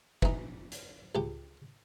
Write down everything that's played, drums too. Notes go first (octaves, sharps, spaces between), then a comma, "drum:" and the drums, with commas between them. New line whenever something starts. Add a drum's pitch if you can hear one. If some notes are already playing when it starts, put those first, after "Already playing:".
E3 D#4, drum: kick
drum: hi-hat
C#2 G4